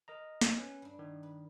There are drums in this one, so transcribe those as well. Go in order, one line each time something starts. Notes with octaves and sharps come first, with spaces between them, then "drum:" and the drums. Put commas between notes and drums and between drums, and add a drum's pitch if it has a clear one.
A#4 D#5 A#5
drum: snare
C#4 B4
G2 D4
D#3
B4